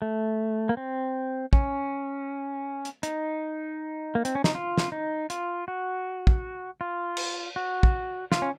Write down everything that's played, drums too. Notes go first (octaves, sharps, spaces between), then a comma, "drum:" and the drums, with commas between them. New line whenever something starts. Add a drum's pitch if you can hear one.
A3
A#3
C4
C#4, drum: kick
drum: hi-hat
D#4, drum: hi-hat
A#3
C4, drum: hi-hat
C#4
D#4, drum: snare
F4
drum: snare
D#4
F4, drum: hi-hat
F#4
drum: kick
F4
drum: cymbal
F#4
drum: kick
F4, drum: snare
C#4